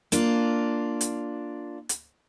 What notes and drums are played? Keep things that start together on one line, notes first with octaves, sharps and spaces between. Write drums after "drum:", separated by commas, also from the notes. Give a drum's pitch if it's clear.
A#3 D4 F4, drum: hi-hat
drum: hi-hat
drum: hi-hat